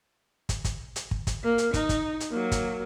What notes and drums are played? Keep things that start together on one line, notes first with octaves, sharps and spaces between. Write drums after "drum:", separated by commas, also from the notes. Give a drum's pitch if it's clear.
drum: kick, hi-hat
drum: kick, hi-hat
drum: hi-hat
drum: kick
drum: kick, hi-hat
A#3 A#4
drum: hi-hat
D#4, drum: kick, hi-hat
drum: kick, hi-hat
drum: hi-hat
F#3 A#3
drum: kick, hi-hat